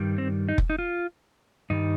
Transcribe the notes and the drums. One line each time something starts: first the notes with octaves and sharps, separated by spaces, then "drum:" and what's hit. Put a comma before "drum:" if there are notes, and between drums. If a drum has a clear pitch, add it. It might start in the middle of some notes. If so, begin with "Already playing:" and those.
Already playing: G2 D#3 G3
C4
D#4
drum: kick F1
D#4
F4
G2 D#3 G3 D#4